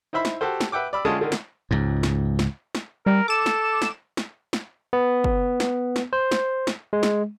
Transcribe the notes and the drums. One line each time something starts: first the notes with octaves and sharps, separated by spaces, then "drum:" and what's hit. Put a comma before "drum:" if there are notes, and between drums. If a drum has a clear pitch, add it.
D#4 E4 C5 E5 B5
drum: snare
F#4 G4 A4 C5
drum: snare
B4 E5 F#5 G5 D6
D5 B5 E6
D3 G#3 C#4 F4 A5 D#6
D3 D#3
drum: snare
C#2 G#2
drum: snare
drum: snare
drum: snare
G3 A#4
A4 D6 E7
drum: snare
drum: snare
drum: snare
drum: snare
B3
drum: kick
drum: snare
drum: snare
C5
drum: snare
drum: snare
G#3
drum: snare